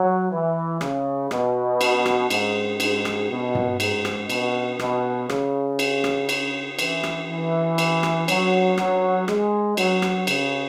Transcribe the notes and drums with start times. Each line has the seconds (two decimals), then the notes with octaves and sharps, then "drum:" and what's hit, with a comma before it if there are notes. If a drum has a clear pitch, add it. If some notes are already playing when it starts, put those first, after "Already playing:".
Already playing: F#3
0.31 E3
0.81 C#3, drum: rim click
1.31 B2, drum: rim click
1.81 drum: cymbal
2.06 drum: rim click
2.30 G#2, drum: cymbal
2.80 G#2, drum: cymbal
3.05 drum: rim click
3.30 B2
3.55 drum: tom
3.80 G#2, drum: cymbal
4.05 drum: rim click
4.30 B2, drum: cymbal
4.79 B2, drum: rim click
5.29 C#3, drum: rim click
5.79 drum: cymbal
6.04 drum: rim click
6.29 drum: cymbal
6.79 E3, drum: cymbal
7.03 drum: rim click
7.28 E3
7.78 drum: cymbal
8.03 drum: rim click
8.28 F#3, drum: cymbal
8.78 F#3, drum: rim click
9.28 G#3, drum: rim click
9.77 F#3, drum: cymbal
10.02 drum: rim click
10.27 C#3, drum: cymbal